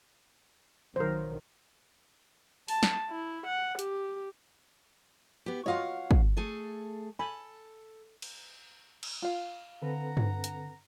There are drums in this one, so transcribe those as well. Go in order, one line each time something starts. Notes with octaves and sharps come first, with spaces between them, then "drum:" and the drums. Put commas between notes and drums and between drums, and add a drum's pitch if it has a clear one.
B1 D#3 F#3 A#4 C5
A5, drum: open hi-hat
drum: snare
E4
F#5
G4, drum: hi-hat
B3 G4
F4 F#4 C#5 D#5 F5 F#5
drum: kick
A3 G#4 A4
A4 G#5 B5
drum: cymbal
drum: cymbal
F4 F5
D3 C4 A4 B4 F#5 A#5
drum: tom G2
drum: hi-hat